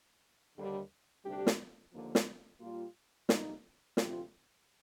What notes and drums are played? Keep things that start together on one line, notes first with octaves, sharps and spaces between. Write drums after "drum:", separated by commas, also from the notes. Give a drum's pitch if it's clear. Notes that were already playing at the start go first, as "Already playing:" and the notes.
D#2 D3 G3
D2 C3 G3 D4 G4
drum: snare
D#2 D3 F3 A#3
drum: snare
A#2 G3 A#3 F4
D2 C3 G3 A#3 D#4, drum: snare
D2 C3 F3 C4 F4, drum: snare